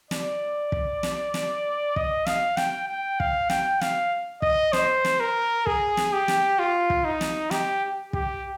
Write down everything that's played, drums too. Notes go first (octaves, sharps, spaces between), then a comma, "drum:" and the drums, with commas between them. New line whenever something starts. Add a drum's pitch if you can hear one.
D5, drum: snare
drum: kick
drum: snare
drum: snare
D#5, drum: kick
F5, drum: snare
G5, drum: snare
G5
F5, drum: kick
G5, drum: snare
F5, drum: snare
D#5, drum: kick
C5, drum: snare
drum: snare
A#4
G#4, drum: kick
drum: snare
G4
drum: snare
F4
drum: kick
D#4
drum: snare
G4, drum: snare
G4, drum: kick